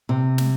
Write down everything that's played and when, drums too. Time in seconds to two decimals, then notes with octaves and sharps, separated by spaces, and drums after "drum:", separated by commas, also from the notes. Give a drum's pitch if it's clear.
0.09 C3
0.38 drum: snare